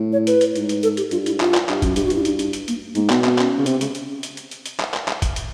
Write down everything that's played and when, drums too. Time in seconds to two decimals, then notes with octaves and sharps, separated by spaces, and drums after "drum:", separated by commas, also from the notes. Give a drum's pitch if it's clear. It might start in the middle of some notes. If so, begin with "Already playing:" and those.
Already playing: A2
0.13 C#5
0.27 B4, drum: hi-hat
0.41 drum: hi-hat
0.56 G#2, drum: hi-hat
0.69 drum: hi-hat
0.83 A4, drum: hi-hat
0.97 G4, drum: hi-hat
1.11 G2 F4, drum: hi-hat
1.26 E4, drum: hi-hat
1.40 F4, drum: clap
1.54 drum: clap
1.69 G2, drum: clap
1.82 F#2, drum: kick, hi-hat
1.96 G2 G4, drum: hi-hat
2.06 F#4
2.10 G2, drum: hi-hat
2.15 E4
2.25 D#4, drum: hi-hat
2.39 D4, drum: hi-hat
2.53 drum: hi-hat
2.68 A#3, drum: hi-hat
2.95 G#2 A#3, drum: hi-hat
3.10 B2 B3, drum: clap
3.24 C4, drum: clap
3.38 C#4, drum: clap
3.59 C#3
3.66 C3, drum: hi-hat
3.81 C#3, drum: hi-hat
3.95 drum: hi-hat
4.23 drum: hi-hat
4.37 drum: hi-hat
4.51 drum: hi-hat
4.66 drum: hi-hat
4.80 drum: clap
4.94 drum: clap
5.08 drum: clap
5.22 drum: kick, hi-hat
5.36 drum: hi-hat